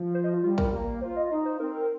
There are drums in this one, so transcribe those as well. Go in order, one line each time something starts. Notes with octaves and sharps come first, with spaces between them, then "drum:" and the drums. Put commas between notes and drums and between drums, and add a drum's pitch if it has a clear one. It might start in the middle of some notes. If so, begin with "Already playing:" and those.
Already playing: F3
C5
D#5
F4
G3 F4
A#4, drum: kick
A#3
F4 C5
D#5
D#4 D#5
C5
C4 A#4
A#4